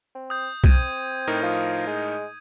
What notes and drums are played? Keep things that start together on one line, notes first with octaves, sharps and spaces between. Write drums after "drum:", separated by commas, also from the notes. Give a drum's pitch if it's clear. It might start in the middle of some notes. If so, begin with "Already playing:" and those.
C4
D#6 G6
C4 G6 G#6 D#7, drum: kick B1
A2 D#4 A#4
F3
G#3